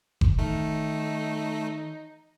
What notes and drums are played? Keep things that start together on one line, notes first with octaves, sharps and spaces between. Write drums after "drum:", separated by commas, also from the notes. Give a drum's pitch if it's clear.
drum: kick F#1
D#3 A3 D#4